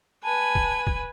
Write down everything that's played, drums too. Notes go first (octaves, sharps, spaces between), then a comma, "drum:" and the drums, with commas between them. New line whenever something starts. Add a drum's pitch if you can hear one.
B4 G#5 A5
drum: kick
drum: kick